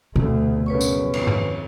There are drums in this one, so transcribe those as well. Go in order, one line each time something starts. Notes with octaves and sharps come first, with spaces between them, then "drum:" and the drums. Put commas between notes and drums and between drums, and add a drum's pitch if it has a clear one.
F1 D2 B2 A3
G1 F#2 C#3 B4 C#5 C#6
drum: tambourine
F2, drum: cymbal
drum: tom G2